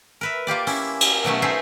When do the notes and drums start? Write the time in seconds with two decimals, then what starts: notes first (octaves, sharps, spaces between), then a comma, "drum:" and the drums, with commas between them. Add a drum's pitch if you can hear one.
0.21 A#4 B4 E5
0.47 A#3 F4 G4 D5
0.67 C#4 E4, drum: open hi-hat
1.01 drum: cymbal
1.24 B2 F#3 A3 C#4
1.42 A3 D#4 G#4 C5 E5